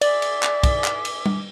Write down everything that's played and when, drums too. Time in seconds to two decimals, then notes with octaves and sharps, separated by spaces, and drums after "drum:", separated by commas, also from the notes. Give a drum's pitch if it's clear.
0.01 G#4 D5 E5 D6, drum: cymbal
0.22 drum: cymbal
0.43 drum: clap
0.64 drum: kick, cymbal
0.84 drum: clap
1.05 drum: cymbal
1.26 drum: tom G3